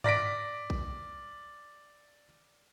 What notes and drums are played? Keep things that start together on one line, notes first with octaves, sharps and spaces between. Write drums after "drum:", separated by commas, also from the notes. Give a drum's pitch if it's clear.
D5 A#6 B6 D7, drum: tom G2
drum: kick A#1